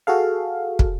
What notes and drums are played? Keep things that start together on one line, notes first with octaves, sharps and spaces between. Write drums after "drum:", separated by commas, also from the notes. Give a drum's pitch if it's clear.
F#4 G#4 A4 F5
drum: kick